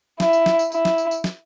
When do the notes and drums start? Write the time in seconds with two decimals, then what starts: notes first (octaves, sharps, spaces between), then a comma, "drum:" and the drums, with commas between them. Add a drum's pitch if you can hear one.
0.20 E4, drum: snare
0.33 drum: tambourine
0.46 drum: snare
0.59 drum: tambourine
0.72 E4, drum: tambourine
0.85 drum: snare
0.98 drum: tambourine
1.11 drum: tambourine
1.24 drum: snare